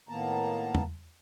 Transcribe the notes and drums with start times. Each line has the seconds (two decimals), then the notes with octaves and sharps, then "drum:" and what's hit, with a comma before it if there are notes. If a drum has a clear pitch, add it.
0.09 A2 D#3 A#3 B3 A5 A#5
0.75 drum: tom E2